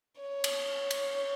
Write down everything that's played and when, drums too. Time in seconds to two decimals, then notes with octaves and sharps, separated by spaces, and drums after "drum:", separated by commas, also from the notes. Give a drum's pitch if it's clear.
0.21 C#5
0.44 drum: cymbal
0.91 drum: cymbal